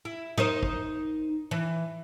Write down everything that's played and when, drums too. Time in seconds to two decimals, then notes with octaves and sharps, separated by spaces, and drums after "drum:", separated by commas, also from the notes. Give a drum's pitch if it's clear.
0.05 E4
0.38 D#4 A#4 C5, drum: tom
0.63 drum: kick
1.51 E3